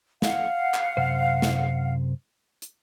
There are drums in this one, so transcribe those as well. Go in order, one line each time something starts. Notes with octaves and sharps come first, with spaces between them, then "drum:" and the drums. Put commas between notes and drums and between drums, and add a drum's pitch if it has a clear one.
F5 F#5, drum: snare
drum: clap
F#2 C3 C5
drum: snare
drum: hi-hat